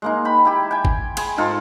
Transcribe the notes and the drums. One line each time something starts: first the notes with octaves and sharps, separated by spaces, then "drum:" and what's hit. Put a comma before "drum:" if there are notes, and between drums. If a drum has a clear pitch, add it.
G#3 A#3 D#4
G5 B5
E4 G4
G5 G#5
drum: kick G#1
G#4 G#5 C6, drum: cymbal
G#2 D#4 F4 A4